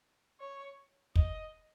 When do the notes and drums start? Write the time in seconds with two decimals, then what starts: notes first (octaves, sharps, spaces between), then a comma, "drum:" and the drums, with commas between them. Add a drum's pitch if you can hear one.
0.40 C#5
1.16 D#5, drum: kick